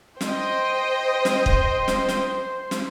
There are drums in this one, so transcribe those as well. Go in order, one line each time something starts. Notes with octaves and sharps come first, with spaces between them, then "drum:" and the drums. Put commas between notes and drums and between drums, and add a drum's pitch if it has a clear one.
C5 D#5 G5, drum: snare
drum: snare
drum: kick
drum: snare
drum: snare
drum: snare